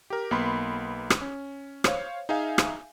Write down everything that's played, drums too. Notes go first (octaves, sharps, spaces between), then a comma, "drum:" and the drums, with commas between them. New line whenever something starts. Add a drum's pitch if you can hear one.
G4 A#4
B1 A#3 B3 B5 C6
drum: rim click
C#4
C5 C#5 F5, drum: rim click
D#4 G#4 E5 F5 G#5
drum: rim click